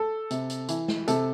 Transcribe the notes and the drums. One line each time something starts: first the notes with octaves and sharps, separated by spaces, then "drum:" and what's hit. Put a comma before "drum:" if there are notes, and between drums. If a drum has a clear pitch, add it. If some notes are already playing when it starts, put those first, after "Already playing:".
Already playing: A4
C3, drum: hi-hat
drum: hi-hat
E3, drum: hi-hat
drum: snare
C3 A4, drum: hi-hat